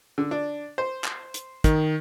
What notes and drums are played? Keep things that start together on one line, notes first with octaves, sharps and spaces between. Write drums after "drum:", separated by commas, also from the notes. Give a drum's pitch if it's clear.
D3
D4
C5
drum: clap
drum: hi-hat
D#3, drum: kick, hi-hat